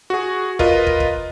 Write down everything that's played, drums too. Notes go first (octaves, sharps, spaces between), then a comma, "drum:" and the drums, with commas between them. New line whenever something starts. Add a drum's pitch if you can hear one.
F#4 G#4
F4 A#4 B4 D#5, drum: kick
drum: kick
drum: kick